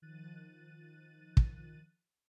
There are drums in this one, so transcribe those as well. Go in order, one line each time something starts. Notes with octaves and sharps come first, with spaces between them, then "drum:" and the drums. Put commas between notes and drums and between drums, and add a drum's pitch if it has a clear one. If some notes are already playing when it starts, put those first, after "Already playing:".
D#3 F3 F#6 A6 D#7
drum: kick